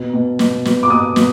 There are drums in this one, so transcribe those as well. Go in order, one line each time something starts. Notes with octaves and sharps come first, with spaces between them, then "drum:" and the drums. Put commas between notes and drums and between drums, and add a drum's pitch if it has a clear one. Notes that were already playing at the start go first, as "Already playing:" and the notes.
Already playing: B2
B2
B2, drum: snare
B2, drum: snare
D6
B2 D#6
B2, drum: snare